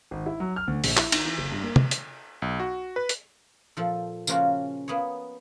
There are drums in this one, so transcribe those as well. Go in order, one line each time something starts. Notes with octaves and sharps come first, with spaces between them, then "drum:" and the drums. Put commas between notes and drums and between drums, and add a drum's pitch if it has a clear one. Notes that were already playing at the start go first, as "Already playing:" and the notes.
G#1
E4
F#3
F6
D2
A#1, drum: open hi-hat
E4, drum: clap
D#3, drum: cymbal
E3
F#1
G2
A#3
drum: tom
drum: hi-hat
B1
F#4
B4
drum: hi-hat
A#2 F3 A4
C#3 F3 A#3 C#4 F4 F#4, drum: tambourine
A#3 B3 G#4 C#5